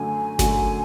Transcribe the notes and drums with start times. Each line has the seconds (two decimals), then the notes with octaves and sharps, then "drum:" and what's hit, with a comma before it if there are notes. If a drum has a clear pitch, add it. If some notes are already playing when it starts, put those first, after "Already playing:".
Already playing: F#2 D3 F#3 A3 G#5
0.39 F#2 D3 F#3 A3, drum: snare G1